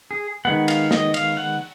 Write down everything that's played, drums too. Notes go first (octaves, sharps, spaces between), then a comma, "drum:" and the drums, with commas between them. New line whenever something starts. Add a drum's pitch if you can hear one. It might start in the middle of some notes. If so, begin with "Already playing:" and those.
G#4
D#3 G#3 B3 F#5
F5, drum: cymbal
D#5, drum: snare
F5, drum: cymbal
F#5